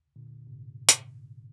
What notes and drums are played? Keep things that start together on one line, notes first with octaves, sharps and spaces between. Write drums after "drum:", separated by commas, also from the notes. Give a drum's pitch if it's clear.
A#2 D3
G#2 C3
drum: hi-hat